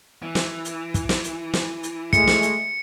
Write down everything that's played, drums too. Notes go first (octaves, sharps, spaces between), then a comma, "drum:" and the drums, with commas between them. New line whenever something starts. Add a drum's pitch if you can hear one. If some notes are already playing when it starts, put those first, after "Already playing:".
E3
drum: snare
drum: hi-hat
drum: kick, hi-hat
drum: snare
drum: hi-hat
drum: snare
drum: hi-hat
G#3 A3 C#7, drum: kick, hi-hat
drum: snare
drum: hi-hat